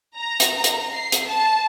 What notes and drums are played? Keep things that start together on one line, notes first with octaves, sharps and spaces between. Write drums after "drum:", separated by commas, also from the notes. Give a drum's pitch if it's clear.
A#5
drum: hi-hat
drum: hi-hat
C7
drum: hi-hat
A5